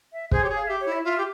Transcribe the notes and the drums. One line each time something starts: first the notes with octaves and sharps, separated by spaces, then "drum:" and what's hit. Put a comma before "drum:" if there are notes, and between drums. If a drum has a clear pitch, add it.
E5
G#4 C5, drum: kick
G4 C#5
G#4
F5
G4 E5
C#5
E4
E5
F4 E5
G4